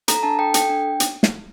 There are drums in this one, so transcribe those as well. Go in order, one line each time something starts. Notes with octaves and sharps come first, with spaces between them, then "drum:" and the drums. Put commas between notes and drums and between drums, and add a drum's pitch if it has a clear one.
A4 A#5, drum: hi-hat
D4 A5
A4 G5
A4 G5, drum: hi-hat
D4
drum: hi-hat
drum: snare